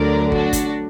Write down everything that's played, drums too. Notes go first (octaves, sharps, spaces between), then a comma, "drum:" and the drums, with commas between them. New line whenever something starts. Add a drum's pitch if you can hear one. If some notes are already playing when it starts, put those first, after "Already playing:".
Already playing: D2 D3 F#3 A#4 D5
D4 F#4, drum: kick
drum: kick, hi-hat